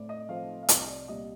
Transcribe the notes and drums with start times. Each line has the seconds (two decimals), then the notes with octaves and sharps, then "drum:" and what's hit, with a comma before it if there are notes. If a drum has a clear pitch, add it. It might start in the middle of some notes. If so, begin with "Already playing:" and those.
Already playing: A2 A3 C4 D5
0.09 D#5
0.29 F3 A3 C4 F5
0.63 F5
0.69 C2 D#5, drum: hi-hat
0.88 D5
1.08 A#2 G3 D#5